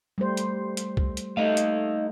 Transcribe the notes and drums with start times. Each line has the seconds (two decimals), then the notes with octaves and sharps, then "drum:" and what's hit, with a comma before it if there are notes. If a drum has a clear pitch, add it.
0.18 G3 A3 C5
0.37 drum: hi-hat
0.77 drum: hi-hat
0.97 drum: kick
1.17 drum: hi-hat
1.37 A3 D#4 D#5 F5
1.57 drum: hi-hat